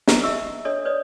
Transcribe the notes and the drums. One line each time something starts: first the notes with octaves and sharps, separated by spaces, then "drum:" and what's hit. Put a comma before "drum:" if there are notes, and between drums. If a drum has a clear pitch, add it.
A#5, drum: snare
D#4 D#5 E5 C#6 E6
D4 A4 C#5 D#5
B4 C#5 D5 D#6